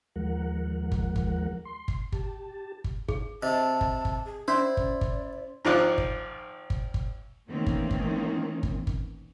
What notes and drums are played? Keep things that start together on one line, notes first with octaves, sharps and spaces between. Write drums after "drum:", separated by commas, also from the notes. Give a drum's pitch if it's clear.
D#2 F3 G#3 A#4 F#5
drum: kick G1
drum: kick G1
C6
drum: kick G1
G4 A5, drum: kick G1
drum: kick G1
G#4, drum: kick G1
C3 D#5 A5
drum: kick G1
drum: kick G1
G#4
C#4 E4 C5 D5
drum: kick G1
drum: kick G1
G#1 F3 D#4 F4 D5 F#6
drum: kick G1
drum: kick G1
drum: kick G1
D#3 E3 A3 A#3 C4 C#4
drum: kick G1
drum: kick G1
drum: kick G1
drum: kick G1